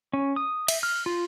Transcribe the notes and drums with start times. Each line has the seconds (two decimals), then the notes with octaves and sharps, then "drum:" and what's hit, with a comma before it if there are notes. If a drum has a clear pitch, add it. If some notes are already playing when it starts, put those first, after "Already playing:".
0.13 C#4
0.36 D#6
0.68 E5, drum: cymbal
0.83 F6
1.06 F4